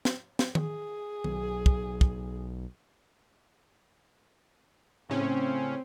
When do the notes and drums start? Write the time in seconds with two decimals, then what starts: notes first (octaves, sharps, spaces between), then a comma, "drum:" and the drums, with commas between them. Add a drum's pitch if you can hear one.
0.05 drum: snare
0.39 drum: snare
0.55 G#4, drum: tom D#3
1.24 B1, drum: tom D#3
1.66 drum: kick
2.01 drum: kick
5.10 A2 C#3 C4 C#4